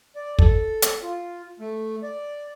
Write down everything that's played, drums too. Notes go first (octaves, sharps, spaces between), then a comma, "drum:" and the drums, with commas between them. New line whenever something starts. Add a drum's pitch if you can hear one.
D5
A4, drum: kick
drum: hi-hat
F4
A3
D5